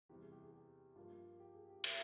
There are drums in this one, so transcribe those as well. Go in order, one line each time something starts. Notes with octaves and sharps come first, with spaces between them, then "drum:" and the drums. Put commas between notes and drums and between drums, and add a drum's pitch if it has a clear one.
E2 C3 E3 G3 G4
G#4
G4
G#4
G4
G2 F3 A#3 F4
G4
G#4
G4
F3 A#3 G4, drum: cymbal